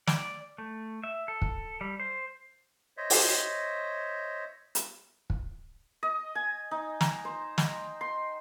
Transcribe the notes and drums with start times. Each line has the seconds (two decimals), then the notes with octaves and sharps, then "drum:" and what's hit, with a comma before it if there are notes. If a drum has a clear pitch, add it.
0.07 D5, drum: snare
0.58 A3
1.04 E5
1.28 A4
1.42 drum: kick
1.81 G3
2.00 C5
2.97 C5 C#5 D#5 E5
3.10 drum: open hi-hat
4.75 drum: hi-hat
5.30 drum: kick
6.03 D#5
6.35 G#5
6.71 D#4
7.01 A#5, drum: snare
7.25 C5
7.58 G5, drum: snare
8.01 C6